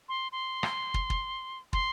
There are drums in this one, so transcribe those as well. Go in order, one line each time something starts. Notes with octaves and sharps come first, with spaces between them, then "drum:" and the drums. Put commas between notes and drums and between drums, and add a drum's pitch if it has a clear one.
C6
C6
drum: rim click
drum: kick
drum: kick
C6, drum: kick